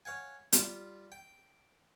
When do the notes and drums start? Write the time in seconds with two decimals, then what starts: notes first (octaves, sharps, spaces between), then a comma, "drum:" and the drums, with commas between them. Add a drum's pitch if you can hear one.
0.05 C#5 F5 F#5 G#5
0.52 G3 F4, drum: hi-hat
1.12 G5